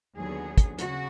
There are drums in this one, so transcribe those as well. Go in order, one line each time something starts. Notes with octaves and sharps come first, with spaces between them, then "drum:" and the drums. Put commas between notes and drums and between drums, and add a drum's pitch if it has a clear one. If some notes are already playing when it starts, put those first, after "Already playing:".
D#2 D3 F#3 B3 G#4
drum: kick, hi-hat
C#3 F#4, drum: hi-hat